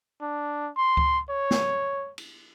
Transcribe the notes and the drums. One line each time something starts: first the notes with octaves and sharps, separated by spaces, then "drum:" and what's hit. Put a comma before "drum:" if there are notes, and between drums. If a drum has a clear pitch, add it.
D4
C6
drum: kick C#2
C#5
drum: snare
drum: cymbal